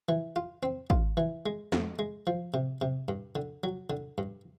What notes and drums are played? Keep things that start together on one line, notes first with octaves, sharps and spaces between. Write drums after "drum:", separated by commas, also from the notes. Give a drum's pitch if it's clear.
E3
F4
C4
F4, drum: kick
E3
G#3
F2, drum: snare
G#3
F3
C3
C3
G2
D3
F#3
D3
G2